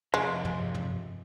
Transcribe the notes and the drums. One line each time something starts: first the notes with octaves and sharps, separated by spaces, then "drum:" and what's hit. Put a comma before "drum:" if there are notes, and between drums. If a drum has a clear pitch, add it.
F2 C3 G#3
drum: tom
drum: tom